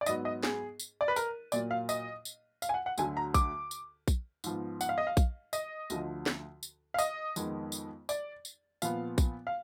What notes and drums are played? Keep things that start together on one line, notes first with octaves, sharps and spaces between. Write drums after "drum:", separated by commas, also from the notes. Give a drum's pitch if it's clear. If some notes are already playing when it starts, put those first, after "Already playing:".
D5
G#2 F#3 B3 D#5, drum: tambourine
D#5
G#4, drum: snare
drum: tambourine
D5
B4
A#4, drum: tambourine
A#2 F#3 A#3 D5, drum: tambourine
F5
D#5, drum: tambourine
drum: tambourine
F5, drum: tambourine
G#5
F#5
F#5
D2 D3 F#3 G#5, drum: tambourine
A#5
D6, drum: kick A#1, tambourine
drum: tambourine
drum: kick A#1, tambourine
G#2 F3 B3, drum: tambourine
F#5, drum: tambourine
F5
D#5
F5
drum: kick A#1, tambourine
D#5, drum: tambourine
D2 D3 F3, drum: tambourine
drum: snare
drum: tambourine
F5
D#5, drum: tambourine
F2 D#3 G#3 B3, drum: tambourine
drum: tambourine
D5, drum: tambourine
drum: tambourine
A#2 F3 B3 F5, drum: tambourine
drum: kick A#1, tambourine
F5